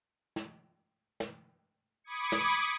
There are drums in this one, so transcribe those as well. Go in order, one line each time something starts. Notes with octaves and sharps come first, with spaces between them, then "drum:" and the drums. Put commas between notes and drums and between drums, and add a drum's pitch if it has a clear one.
drum: snare
drum: snare
B5 D6 D#6 G#6 C#7
drum: snare